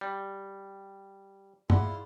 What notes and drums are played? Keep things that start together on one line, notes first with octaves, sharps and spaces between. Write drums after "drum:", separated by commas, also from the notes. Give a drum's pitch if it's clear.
G3
E4 F4 G#4 D5 F#5 C6, drum: tom